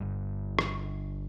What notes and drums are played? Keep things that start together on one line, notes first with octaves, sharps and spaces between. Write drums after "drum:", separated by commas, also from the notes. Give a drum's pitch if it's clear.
G1 G2
drum: rim click